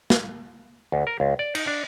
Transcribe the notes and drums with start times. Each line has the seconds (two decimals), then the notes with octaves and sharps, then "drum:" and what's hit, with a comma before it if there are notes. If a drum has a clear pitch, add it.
0.10 drum: snare
0.92 D2
1.07 A#4
1.20 C#2
1.39 D5
1.55 D#4, drum: cymbal
1.67 D4